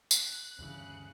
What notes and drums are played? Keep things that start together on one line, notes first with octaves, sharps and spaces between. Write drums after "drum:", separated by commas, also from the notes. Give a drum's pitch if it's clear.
F#6, drum: tambourine
D2 G2 C#3 E3